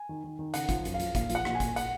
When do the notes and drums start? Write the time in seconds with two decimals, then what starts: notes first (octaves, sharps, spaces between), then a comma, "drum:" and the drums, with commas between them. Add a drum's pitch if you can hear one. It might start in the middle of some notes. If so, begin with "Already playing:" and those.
Already playing: G#5
0.09 D#3
0.24 D#3
0.39 D#3
0.54 C#3 F#5, drum: hi-hat
0.69 F3, drum: kick G1, hi-hat
0.85 F#2, drum: hi-hat
0.94 F5
1.00 F3, drum: hi-hat
1.15 A#2 F5, drum: kick G1, hi-hat
1.30 F3, drum: hi-hat
1.35 F#5
1.45 A#2, drum: rim click
1.55 G#5
1.60 A#2, drum: kick G1, hi-hat
1.76 F#5, drum: hi-hat